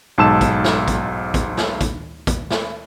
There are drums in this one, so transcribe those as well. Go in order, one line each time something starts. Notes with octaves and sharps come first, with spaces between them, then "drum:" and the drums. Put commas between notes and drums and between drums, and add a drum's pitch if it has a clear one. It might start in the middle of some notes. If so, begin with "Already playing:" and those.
B1 G#2 A5 E6 E7
drum: kick, hi-hat
drum: snare
drum: kick, hi-hat
drum: kick, hi-hat
drum: snare
drum: kick, hi-hat
drum: kick, hi-hat
drum: snare